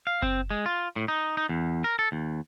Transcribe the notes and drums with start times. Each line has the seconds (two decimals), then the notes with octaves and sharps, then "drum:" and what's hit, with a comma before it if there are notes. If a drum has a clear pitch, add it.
0.07 F5
0.22 C4, drum: kick F#1
0.50 G#3
0.66 F4
0.96 A2
1.08 D#4
1.37 D#4
1.49 E2
1.84 A#4
1.99 A4
2.12 D#2